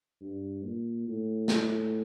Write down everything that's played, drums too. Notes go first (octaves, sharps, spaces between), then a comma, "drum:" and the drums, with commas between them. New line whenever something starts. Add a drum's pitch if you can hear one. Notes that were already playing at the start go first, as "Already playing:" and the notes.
G2
A#2
A2
drum: snare